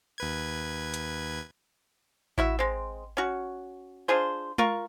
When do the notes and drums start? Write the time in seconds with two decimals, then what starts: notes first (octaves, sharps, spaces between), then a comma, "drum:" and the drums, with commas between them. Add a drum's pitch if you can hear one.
0.18 D#2 B4 G#6
0.94 drum: hi-hat
2.38 E4 F#4 E5, drum: kick A1
2.59 G#3 C4
3.17 C#4 F#4
4.08 D4 F4 G#4 C5
4.58 F4 A#4 C#6, drum: tom G#3